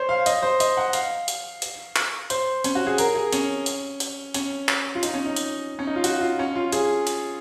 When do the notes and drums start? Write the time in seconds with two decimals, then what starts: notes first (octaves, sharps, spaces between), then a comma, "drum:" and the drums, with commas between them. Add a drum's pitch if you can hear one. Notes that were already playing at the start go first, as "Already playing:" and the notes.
Already playing: C5 C#5
0.09 F5
0.26 D#5, drum: hi-hat
0.42 C5
0.60 D#5, drum: hi-hat
0.77 F#5
0.93 F5, drum: hi-hat
1.28 drum: hi-hat
1.62 drum: hi-hat
1.96 drum: clap
2.30 C5, drum: hi-hat
2.64 C#4, drum: hi-hat
2.75 F#4
2.87 G#4
2.98 A#4, drum: hi-hat
3.15 G#4
3.33 C#4, drum: hi-hat
3.66 drum: hi-hat
4.00 drum: hi-hat
4.34 C#4, drum: hi-hat
4.68 drum: clap
4.95 F4
5.03 D#4, drum: hi-hat
5.14 C#4
5.25 D#4
5.36 drum: hi-hat
5.79 C#4
5.87 D#4
5.96 F4
6.04 F#4, drum: hi-hat
6.21 F4
6.39 C#4
6.55 F4
6.72 G#4, drum: hi-hat
7.07 drum: hi-hat